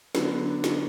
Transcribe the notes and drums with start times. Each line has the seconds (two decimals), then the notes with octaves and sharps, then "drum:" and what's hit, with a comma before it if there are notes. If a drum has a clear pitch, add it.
0.15 D3 F#3 B3, drum: snare
0.64 drum: snare